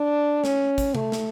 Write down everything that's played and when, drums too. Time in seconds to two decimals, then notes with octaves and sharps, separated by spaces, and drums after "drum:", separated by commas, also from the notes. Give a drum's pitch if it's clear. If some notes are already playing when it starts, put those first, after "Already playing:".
Already playing: D4
0.44 C#4, drum: snare
0.78 drum: kick, hi-hat
0.95 A3, drum: tom C3
1.12 drum: snare